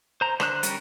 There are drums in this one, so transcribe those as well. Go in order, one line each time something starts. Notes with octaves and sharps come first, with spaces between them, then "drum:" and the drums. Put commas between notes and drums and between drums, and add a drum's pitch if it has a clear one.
C5 A#5
D3 C5 F#6, drum: rim click
G3 C#4 A#4, drum: hi-hat